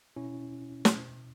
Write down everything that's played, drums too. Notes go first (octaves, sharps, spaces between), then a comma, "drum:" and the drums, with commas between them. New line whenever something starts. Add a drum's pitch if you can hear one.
B2 C#4 E4
drum: snare
B2